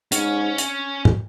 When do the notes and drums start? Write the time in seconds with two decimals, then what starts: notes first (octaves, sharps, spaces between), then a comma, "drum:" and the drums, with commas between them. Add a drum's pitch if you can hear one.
0.12 G#2 C#4, drum: hi-hat
0.58 drum: hi-hat
1.05 drum: tom